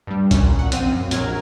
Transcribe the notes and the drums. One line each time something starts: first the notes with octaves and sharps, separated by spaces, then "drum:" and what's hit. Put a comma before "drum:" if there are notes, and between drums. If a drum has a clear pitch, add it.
G2 G3
A#2 C#4, drum: kick A#1, hi-hat
F#5
A#1 C4 F5 D#7, drum: hi-hat
F#2
A#1 A#2 F#3 A#4 F6 G#6, drum: hi-hat